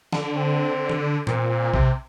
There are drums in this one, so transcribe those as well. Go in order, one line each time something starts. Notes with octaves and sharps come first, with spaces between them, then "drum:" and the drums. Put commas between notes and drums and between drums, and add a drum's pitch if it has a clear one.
D3, drum: snare
C4
drum: tom D#3
A#2 C4, drum: tom G#2
C3, drum: kick A#1